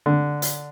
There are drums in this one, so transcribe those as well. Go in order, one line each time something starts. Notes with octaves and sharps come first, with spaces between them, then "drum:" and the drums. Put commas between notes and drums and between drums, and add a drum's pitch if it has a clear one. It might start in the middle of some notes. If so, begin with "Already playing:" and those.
D3
drum: hi-hat